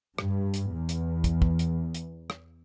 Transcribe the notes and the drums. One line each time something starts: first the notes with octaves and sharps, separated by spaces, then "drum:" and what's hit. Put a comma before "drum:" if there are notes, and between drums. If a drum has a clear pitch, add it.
G2, drum: rim click
drum: hi-hat
E2
drum: hi-hat
drum: kick, hi-hat
drum: kick
drum: hi-hat
drum: hi-hat
drum: rim click